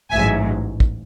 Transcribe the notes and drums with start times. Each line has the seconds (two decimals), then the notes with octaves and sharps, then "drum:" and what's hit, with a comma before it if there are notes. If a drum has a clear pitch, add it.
0.11 A1 G#2 F#3 E5 G#5
0.80 drum: kick